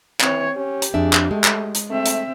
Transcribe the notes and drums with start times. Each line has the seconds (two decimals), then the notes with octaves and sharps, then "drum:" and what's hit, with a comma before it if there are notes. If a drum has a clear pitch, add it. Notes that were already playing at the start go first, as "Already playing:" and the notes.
0.20 E3 C4 C#5, drum: clap
0.56 C#4 G4
0.82 drum: hi-hat
0.94 F2 D4 G#4 E5
1.13 drum: clap
1.31 G#3 A3
1.44 drum: clap
1.75 drum: hi-hat
1.90 A3 C4 E5
2.06 drum: hi-hat